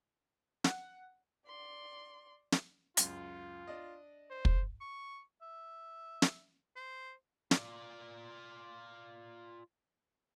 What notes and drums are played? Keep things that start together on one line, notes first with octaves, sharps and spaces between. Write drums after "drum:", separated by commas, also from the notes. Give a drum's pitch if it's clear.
F#5, drum: snare
D5 C6
drum: snare
C#2 F#2 F4, drum: hi-hat
D4 D5 D#5
C5
drum: kick
C#6
E5
drum: snare
C5
F4 D5, drum: snare